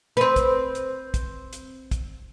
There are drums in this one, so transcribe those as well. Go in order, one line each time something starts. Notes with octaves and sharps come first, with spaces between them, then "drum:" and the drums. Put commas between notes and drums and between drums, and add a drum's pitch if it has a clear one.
C4 B4
drum: kick, hi-hat
drum: hi-hat
drum: kick, hi-hat
drum: hi-hat
drum: kick, hi-hat